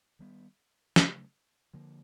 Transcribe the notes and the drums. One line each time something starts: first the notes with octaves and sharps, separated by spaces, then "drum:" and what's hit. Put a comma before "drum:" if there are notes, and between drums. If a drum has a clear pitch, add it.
D#3 G3 B3
C#3 F#3 A3, drum: snare
D3 F3 A#3